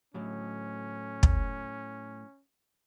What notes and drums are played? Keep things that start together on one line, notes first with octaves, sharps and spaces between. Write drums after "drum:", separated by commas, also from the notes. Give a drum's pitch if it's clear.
A2 F#3 C#4
drum: kick